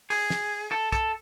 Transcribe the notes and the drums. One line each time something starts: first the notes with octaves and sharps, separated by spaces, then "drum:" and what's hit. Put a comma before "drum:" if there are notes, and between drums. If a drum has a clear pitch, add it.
G#4, drum: open hi-hat
drum: snare
A4
A4, drum: kick, hi-hat